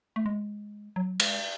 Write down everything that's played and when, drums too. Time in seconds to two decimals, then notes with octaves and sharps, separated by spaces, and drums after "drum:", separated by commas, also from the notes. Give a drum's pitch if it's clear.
0.16 A3
0.26 G#3
0.96 F#3
1.20 G#3, drum: cymbal